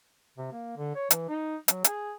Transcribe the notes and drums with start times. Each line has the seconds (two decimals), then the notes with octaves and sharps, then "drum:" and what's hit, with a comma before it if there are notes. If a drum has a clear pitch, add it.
0.37 C3
0.52 A#3
0.77 D3
0.95 C#5
1.11 E3, drum: hi-hat
1.29 D#4
1.68 F#3, drum: hi-hat
1.84 G#4, drum: hi-hat